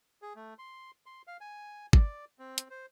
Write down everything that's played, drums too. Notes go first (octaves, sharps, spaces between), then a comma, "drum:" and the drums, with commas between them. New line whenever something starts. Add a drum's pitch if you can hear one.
G#4
A3
C6
C6
F5
G#5
D5, drum: kick
C4
drum: hi-hat
C5